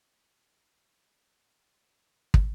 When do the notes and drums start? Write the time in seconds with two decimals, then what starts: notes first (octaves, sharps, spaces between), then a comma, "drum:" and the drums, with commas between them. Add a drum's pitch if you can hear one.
0.20 E3 A#5
0.66 F3
1.11 F#3
2.34 drum: kick